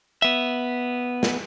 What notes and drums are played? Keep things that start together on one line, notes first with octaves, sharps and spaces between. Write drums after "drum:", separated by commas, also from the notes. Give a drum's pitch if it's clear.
B3 E5
drum: snare